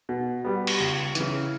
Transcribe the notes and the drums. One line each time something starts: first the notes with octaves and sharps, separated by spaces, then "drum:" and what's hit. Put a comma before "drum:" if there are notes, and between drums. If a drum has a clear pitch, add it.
B2
G3 B3
drum: cymbal
C#2
C#3 E3, drum: hi-hat